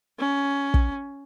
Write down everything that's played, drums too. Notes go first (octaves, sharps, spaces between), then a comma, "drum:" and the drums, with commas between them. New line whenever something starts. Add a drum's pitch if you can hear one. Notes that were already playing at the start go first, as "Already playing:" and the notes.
C#4
drum: kick